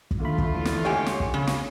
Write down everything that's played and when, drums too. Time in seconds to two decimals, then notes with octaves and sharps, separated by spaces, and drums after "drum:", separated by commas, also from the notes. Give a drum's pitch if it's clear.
0.11 drum: kick
0.21 D#2 D3 A3 F4 B5
0.38 drum: kick
0.55 E3
0.65 drum: snare
0.85 G#2 G4 C#5 G#5 C#6
1.06 drum: snare
1.20 drum: kick
1.34 C#3
1.47 drum: snare